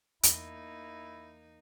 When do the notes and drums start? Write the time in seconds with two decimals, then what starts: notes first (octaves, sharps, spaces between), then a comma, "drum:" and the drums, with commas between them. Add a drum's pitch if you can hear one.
0.23 E2 A#3 D#4 E4, drum: hi-hat